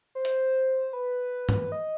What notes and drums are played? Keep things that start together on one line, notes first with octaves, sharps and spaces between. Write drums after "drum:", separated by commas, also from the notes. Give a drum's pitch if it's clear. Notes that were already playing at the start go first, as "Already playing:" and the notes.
C5
drum: hi-hat
B4
drum: tom G2
D#5